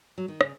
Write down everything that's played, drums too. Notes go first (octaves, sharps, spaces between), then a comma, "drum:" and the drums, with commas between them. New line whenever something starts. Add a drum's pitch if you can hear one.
F#3
D#3
C#3, drum: rim click